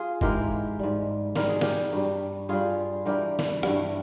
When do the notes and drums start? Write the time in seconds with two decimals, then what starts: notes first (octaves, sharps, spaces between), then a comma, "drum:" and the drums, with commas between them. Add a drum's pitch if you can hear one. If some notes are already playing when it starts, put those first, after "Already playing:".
Already playing: F4 G#4
0.21 G#2 E3 G#3 G4 A#4, drum: kick
0.79 G#2 G3
1.36 G#2 G3 A#4, drum: snare
1.49 G#4
1.61 G4 A#4, drum: snare
1.93 G2 G3
2.49 G2 G3 F4 G#4
3.05 G2 E3 G3 G4 A#4
3.39 drum: snare
3.63 G2 E3 G3, drum: rim click